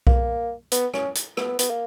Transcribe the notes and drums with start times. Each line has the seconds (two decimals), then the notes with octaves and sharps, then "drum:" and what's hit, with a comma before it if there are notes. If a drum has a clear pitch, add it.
0.07 A#3, drum: kick B1
0.72 B3, drum: hi-hat
0.94 C#4, drum: rim click
1.15 drum: hi-hat
1.37 B3, drum: rim click
1.59 B3, drum: hi-hat
1.70 A#3